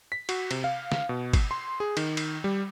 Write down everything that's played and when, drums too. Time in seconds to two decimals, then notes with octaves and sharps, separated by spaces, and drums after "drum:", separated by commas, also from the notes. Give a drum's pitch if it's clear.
0.12 B6
0.29 F#4, drum: cymbal
0.51 C3, drum: cymbal
0.64 F5
0.92 drum: snare
1.09 B2
1.33 drum: kick G1, cymbal
1.51 C6
1.80 G#4
1.97 D#3, drum: cymbal
2.17 drum: cymbal
2.44 G3